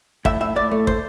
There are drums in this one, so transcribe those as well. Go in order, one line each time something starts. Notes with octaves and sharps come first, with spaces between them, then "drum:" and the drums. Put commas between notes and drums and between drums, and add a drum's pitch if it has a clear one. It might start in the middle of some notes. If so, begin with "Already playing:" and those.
A2 E5, drum: kick
A2 E5
A2 D5
A3
C5, drum: kick